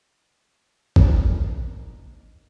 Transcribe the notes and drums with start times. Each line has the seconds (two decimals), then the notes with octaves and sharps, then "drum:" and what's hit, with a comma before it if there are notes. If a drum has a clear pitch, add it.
0.96 A#3 D4 D#4 A4 A#4, drum: kick